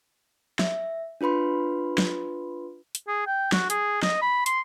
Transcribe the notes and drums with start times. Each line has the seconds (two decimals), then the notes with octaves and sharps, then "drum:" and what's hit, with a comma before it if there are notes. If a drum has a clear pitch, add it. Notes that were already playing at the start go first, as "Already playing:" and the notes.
0.59 E5, drum: snare
1.21 D4 F4 B4 B5 C6
1.98 drum: snare
2.95 drum: hi-hat
3.08 G#4
3.27 G5
3.52 F#4, drum: snare
3.70 G#4, drum: hi-hat
4.03 D#5, drum: snare
4.22 B5
4.46 C6, drum: hi-hat